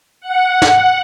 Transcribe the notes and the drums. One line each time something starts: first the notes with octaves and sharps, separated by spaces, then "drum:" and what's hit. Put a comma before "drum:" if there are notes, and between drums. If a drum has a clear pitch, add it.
F#5
drum: snare